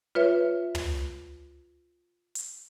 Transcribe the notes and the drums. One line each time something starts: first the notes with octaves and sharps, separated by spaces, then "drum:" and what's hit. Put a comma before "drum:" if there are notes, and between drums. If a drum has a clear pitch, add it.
F4 B4 C#5 E5
drum: tom
drum: hi-hat